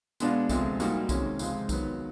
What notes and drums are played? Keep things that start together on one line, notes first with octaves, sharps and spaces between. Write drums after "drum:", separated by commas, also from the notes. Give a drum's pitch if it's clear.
B2 G#3 B3 D4 F4, drum: tambourine
D2 C3 F3 G#3, drum: kick, tambourine
A#2 G3 A#3 D#4 F#4, drum: tambourine
C3 D#3 G#3 C#4, drum: kick, tambourine
C#2 C3 F3 G#3, drum: tambourine
D#3 F#3 B3, drum: kick, tambourine